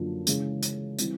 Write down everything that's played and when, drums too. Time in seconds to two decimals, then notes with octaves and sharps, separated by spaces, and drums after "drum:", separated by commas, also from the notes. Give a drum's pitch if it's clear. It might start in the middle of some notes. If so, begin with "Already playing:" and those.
Already playing: F#2 D3 F3 A#3 D4
0.27 C#3 E3 G#3 C#4, drum: hi-hat
0.63 drum: hi-hat
0.99 E3 G3 C4, drum: hi-hat